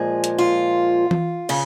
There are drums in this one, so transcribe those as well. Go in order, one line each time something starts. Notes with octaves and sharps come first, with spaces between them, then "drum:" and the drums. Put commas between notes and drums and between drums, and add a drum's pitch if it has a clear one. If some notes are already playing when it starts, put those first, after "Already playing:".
Already playing: A#2 F3 G#3 G#4
drum: hi-hat
F4
drum: tom E3
C#3, drum: cymbal